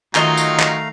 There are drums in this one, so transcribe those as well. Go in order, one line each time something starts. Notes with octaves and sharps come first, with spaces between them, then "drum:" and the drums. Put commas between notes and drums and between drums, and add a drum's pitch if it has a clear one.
D#3 F#3 A3 D#4 F4 D#5 F5 A#5, drum: clap
drum: tambourine
drum: clap